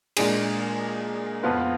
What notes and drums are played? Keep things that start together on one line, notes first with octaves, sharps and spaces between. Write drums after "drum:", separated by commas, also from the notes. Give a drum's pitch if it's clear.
A#2 G#3 D4 G#4, drum: cymbal
F2 F3 B3 F4 B4